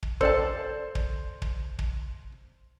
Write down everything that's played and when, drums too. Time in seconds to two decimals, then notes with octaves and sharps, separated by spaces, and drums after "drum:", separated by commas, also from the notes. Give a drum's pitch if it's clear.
0.03 drum: kick
0.21 A4 C5 D5 A5, drum: kick
0.95 drum: kick
1.42 drum: kick
1.79 drum: kick